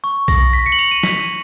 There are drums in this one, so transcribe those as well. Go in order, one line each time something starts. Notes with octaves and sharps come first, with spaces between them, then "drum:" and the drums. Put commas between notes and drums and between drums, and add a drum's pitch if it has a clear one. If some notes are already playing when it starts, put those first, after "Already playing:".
C#6
A#6, drum: kick B1, tambourine
B6
C#7
F#7
F7, drum: tambourine
D#7
B6, drum: snare
D#7